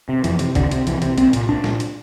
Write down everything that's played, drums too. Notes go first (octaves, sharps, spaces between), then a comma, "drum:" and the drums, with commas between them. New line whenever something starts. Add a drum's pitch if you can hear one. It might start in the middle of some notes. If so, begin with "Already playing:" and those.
C3
F2 E3, drum: hi-hat
C3, drum: hi-hat
C2 D3, drum: kick C2, hi-hat
C3, drum: hi-hat
C2 E3, drum: hi-hat
C3, drum: hi-hat
C2 C4, drum: hi-hat
A#2, drum: hi-hat
C2 D4
A#2, drum: snare
drum: hi-hat